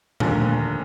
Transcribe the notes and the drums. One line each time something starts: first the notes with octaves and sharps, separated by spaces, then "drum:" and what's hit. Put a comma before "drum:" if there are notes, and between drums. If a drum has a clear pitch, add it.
F1 D#2 D3, drum: tom A#2